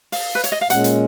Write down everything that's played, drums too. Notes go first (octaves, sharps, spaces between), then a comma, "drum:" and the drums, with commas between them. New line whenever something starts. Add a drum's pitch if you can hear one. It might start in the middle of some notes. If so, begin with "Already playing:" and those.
F5, drum: open hi-hat
B4
C#5, drum: hi-hat
D#5
F5
A#2 G#3 C#4 F#5, drum: hi-hat
drum: hi-hat